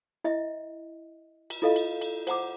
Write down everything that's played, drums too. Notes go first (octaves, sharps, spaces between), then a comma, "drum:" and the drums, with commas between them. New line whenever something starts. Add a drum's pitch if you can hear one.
E4 D#5 E5
drum: cymbal
E4 F4 A4 D#5 F5
drum: cymbal
drum: cymbal
C5 F#5 A#5 D6, drum: cymbal